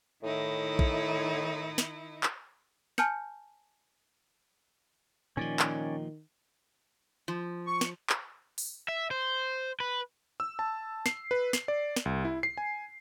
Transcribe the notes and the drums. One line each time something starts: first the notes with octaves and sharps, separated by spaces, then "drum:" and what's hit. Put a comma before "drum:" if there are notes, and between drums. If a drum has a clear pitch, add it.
A2 D#3 D#4 E4
drum: kick A#1
drum: snare
drum: clap
G#5 A5 F6 G6 C#7, drum: snare
A#2 D#3 F3 C#4 D5
drum: clap
F3
C#6
drum: snare
drum: clap
drum: open hi-hat
E5
C5
B4
E6
A5
C7, drum: snare
B4
C7, drum: snare
D5
drum: snare
C2
E4
C7
G#5